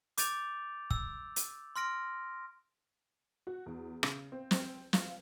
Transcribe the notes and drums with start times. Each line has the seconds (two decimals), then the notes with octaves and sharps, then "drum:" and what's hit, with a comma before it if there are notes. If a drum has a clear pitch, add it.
0.18 D6 G6 A6 D7 F7, drum: hi-hat
0.91 E6, drum: kick
1.36 drum: hi-hat
1.76 C6 F6 A#6 D7
3.47 F#4
3.66 E2
4.03 C#3, drum: rim click
4.32 C4
4.51 C4, drum: snare
4.93 F4, drum: snare